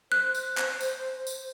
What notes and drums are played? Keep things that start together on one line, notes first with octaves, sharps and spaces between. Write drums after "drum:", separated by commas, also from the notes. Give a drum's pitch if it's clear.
C5 F#6
drum: tambourine
drum: clap
drum: tambourine
drum: tambourine